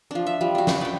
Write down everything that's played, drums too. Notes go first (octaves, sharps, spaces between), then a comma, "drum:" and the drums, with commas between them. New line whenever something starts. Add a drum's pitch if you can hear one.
F3 D4
E5
F3 G3
D4 F#4
B4, drum: snare
D5 G5